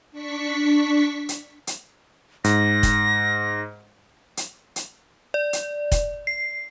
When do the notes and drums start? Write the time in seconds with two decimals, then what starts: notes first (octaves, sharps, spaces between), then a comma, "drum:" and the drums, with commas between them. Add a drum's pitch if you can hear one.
0.12 D4 C#6 B6
1.29 drum: hi-hat
1.67 drum: hi-hat
2.44 G#2 A#6, drum: hi-hat
2.83 drum: kick, hi-hat
4.37 drum: hi-hat
4.76 drum: hi-hat
5.34 D5
5.53 drum: hi-hat
5.92 drum: kick, hi-hat
6.27 C7